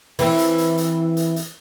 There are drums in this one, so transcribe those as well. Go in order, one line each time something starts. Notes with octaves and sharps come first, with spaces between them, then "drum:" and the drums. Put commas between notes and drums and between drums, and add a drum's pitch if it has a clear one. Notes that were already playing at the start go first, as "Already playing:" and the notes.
E3 C4, drum: open hi-hat
drum: hi-hat
drum: hi-hat
drum: hi-hat
drum: hi-hat
drum: hi-hat